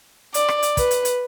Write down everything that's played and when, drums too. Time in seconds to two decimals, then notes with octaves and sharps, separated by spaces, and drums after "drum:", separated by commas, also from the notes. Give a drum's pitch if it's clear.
0.34 D5, drum: hi-hat
0.48 drum: rim click
0.63 drum: hi-hat
0.77 B4, drum: kick, hi-hat
0.91 drum: hi-hat
1.05 drum: hi-hat